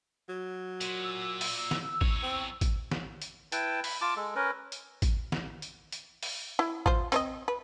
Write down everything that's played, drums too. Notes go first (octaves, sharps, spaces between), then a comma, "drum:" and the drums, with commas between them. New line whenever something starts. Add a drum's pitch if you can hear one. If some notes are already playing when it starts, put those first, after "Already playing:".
F#3
A#2, drum: hi-hat
E6
drum: open hi-hat
drum: snare
E2 C#5, drum: kick
C4
drum: kick, hi-hat
drum: snare
drum: hi-hat
E4 B4 G5 A5, drum: hi-hat
B5, drum: open hi-hat
F4 A5 D6
G#3 A4
C#4 A#4 B4
drum: hi-hat
drum: kick, hi-hat
drum: snare
drum: hi-hat
drum: hi-hat
drum: open hi-hat
E4
F4 C5, drum: kick
C4 C5 D#5, drum: hi-hat
B4